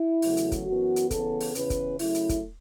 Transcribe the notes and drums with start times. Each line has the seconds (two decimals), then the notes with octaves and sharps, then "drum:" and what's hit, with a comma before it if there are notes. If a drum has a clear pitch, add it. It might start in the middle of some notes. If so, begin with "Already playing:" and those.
Already playing: E4
0.22 E2 C#3 F#3 A3, drum: open hi-hat
0.37 drum: hi-hat
0.52 drum: kick, hi-hat
0.66 F#2 E3 B3 F#4
0.96 drum: hi-hat
1.11 C#3 E3 B3 A4, drum: kick, hi-hat
1.41 drum: open hi-hat
1.55 E2 C#3 E3 C#4 B4, drum: hi-hat
1.70 drum: kick, hi-hat
1.99 C#3 F#3 A3 E4, drum: open hi-hat
2.15 drum: hi-hat
2.29 drum: kick, hi-hat